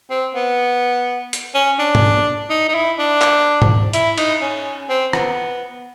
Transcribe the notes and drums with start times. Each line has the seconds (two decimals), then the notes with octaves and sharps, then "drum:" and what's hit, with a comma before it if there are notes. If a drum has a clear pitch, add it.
0.10 C4
0.35 B3
1.33 drum: hi-hat
1.55 C#4
1.79 D4
1.95 drum: tom G#2
2.50 D#4
2.68 D#4
2.74 E4
2.98 D4
3.21 drum: clap
3.62 drum: tom G#2
3.93 E4, drum: hi-hat
4.18 D#4, drum: cymbal
4.41 C#4
4.89 C4
5.13 B3, drum: rim click